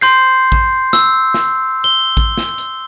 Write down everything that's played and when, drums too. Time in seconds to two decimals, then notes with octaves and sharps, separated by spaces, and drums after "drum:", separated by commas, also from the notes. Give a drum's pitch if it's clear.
0.01 C6 G6 C7
0.52 drum: kick A1
0.93 E6, drum: snare
1.34 drum: snare
1.84 G7
2.17 drum: kick A1, hi-hat
2.37 drum: snare
2.58 drum: hi-hat